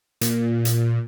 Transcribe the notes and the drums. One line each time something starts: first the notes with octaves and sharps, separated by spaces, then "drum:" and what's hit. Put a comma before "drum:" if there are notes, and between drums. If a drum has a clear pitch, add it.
A#2, drum: hi-hat
drum: hi-hat